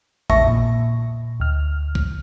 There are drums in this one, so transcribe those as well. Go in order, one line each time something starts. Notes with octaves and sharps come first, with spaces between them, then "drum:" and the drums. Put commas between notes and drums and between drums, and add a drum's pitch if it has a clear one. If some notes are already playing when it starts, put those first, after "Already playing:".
A#1 E5 A5 C#6 A#6, drum: tom E2
A#2
D2 F6
drum: kick B1